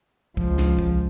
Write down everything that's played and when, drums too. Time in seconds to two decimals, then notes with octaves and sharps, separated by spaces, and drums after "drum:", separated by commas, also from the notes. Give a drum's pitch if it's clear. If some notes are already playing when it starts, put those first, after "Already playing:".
0.37 C#2 F3, drum: kick A#1
0.58 drum: snare
0.79 drum: kick A#1